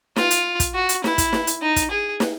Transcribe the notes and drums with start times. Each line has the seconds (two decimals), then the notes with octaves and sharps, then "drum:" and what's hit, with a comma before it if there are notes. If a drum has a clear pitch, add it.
0.16 F4, drum: snare
0.31 drum: hi-hat
0.60 drum: kick, hi-hat
0.74 F#4
0.89 drum: hi-hat
1.04 E4, drum: snare
1.18 drum: kick, hi-hat
1.33 drum: snare
1.47 drum: hi-hat
1.62 D#4
1.76 drum: kick, hi-hat
1.91 G#4
2.20 drum: snare